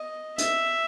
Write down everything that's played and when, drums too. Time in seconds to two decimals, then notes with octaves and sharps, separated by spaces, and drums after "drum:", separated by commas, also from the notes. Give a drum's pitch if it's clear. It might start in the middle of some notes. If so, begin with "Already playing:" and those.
Already playing: D#5
0.38 E5, drum: hi-hat